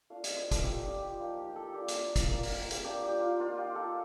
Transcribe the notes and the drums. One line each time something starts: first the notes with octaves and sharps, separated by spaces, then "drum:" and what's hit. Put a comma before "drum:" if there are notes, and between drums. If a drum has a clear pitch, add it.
A3 D4 F4 F5
D#5, drum: hi-hat
C5
A4, drum: kick, hi-hat
A#3 D4 F4 G4
G4
G4
F3 A#3 D#4 F4
G4
A4
A#3 D4 F4 G4
drum: hi-hat
drum: kick, hi-hat
A#3 F4
drum: open hi-hat
drum: hi-hat
A#3 D4 F4 G4
G4
F4
A#3 D#4 F4
G4
A4